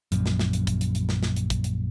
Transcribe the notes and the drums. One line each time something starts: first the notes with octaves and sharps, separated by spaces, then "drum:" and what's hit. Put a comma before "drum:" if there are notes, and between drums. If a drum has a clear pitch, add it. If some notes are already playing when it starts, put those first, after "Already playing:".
A#1 F#2, drum: hi-hat
drum: snare
drum: snare
drum: hi-hat
drum: kick, hi-hat
drum: hi-hat
drum: hi-hat
drum: snare
drum: snare
drum: hi-hat
drum: kick, hi-hat
drum: hi-hat